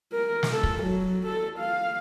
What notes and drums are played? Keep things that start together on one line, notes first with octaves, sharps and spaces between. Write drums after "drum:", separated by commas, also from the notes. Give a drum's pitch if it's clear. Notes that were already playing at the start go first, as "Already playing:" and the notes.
A#4
drum: snare
A4
drum: kick
F#3
A4
F5